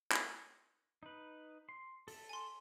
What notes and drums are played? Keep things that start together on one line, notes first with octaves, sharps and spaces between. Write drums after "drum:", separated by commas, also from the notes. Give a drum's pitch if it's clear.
drum: clap
D#4 B4
C6
A4 A5, drum: open hi-hat
G#5 C6